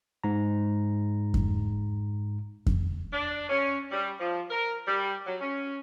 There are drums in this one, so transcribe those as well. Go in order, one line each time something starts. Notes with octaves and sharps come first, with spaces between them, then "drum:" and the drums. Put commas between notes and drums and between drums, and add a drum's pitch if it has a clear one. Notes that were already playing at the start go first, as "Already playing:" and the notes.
G#2 A#5
drum: kick F2
drum: kick F2
D4
C#4
G3
F3
A#4
G3
F#3
C#4